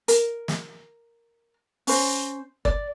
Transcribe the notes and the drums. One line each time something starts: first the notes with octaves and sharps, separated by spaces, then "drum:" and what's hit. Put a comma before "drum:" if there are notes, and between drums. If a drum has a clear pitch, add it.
A#4, drum: hi-hat
drum: snare
C#4 C5, drum: open hi-hat
D5, drum: kick